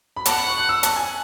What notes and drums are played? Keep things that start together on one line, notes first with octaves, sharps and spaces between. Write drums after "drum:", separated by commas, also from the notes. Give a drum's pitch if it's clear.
B5
F#5 A5, drum: hi-hat
B5
C#6
F#6
E6
A5, drum: hi-hat
G#5